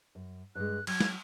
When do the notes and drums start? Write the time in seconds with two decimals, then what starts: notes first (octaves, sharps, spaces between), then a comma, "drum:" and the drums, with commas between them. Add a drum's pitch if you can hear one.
0.15 F#2
0.55 G2 G#3 F#6
0.87 F#3 G#6, drum: cymbal
1.01 drum: snare